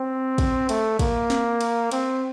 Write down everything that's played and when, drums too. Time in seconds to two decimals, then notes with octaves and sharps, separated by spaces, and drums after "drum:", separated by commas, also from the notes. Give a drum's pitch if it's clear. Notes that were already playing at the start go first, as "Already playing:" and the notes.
Already playing: C4
0.38 drum: kick, cymbal
0.69 A3, drum: cymbal
0.99 A#3, drum: kick, cymbal
1.30 drum: snare
1.61 drum: cymbal
1.91 C4, drum: cymbal